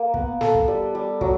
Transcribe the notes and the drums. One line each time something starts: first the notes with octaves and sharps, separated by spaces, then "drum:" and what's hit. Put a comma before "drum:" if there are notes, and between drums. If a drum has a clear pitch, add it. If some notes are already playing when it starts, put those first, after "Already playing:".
Already playing: A#3
B3, drum: kick
A4, drum: snare
drum: kick
G3
G3
F#3, drum: kick